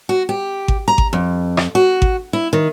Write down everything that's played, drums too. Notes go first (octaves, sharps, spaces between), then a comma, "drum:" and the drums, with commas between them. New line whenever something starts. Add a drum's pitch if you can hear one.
F#4
G4
drum: kick G#1
A#5
drum: kick G#1
F2
drum: rim click
F#4
drum: kick G#1
E4
D#3